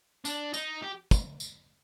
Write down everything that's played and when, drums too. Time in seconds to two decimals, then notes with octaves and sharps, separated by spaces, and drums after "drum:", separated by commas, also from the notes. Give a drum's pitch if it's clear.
0.25 D4, drum: tambourine
0.54 D#4, drum: tambourine
0.82 G4
1.11 drum: kick, tambourine
1.40 drum: tambourine